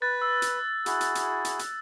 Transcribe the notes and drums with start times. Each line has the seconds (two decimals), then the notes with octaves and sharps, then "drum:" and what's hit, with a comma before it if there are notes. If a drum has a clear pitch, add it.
0.02 B4 F#6 A6
0.22 E6
0.42 drum: hi-hat
0.86 E4 F#4 G#4, drum: hi-hat
1.01 drum: hi-hat
1.15 drum: hi-hat
1.45 drum: hi-hat
1.59 drum: hi-hat